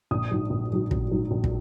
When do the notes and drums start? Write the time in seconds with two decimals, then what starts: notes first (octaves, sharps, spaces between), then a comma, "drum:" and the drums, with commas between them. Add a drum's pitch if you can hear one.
0.11 A#1 D#6
0.31 G#2 F#3
0.50 A#1
0.70 G#2 F#3
0.91 A#1, drum: kick
1.11 G#2 F#3
1.31 A#1
1.44 drum: kick